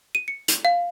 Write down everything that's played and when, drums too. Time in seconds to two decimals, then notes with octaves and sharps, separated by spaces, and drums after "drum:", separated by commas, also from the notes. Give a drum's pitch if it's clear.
0.15 D#7
0.28 C#7
0.48 drum: hi-hat
0.65 F5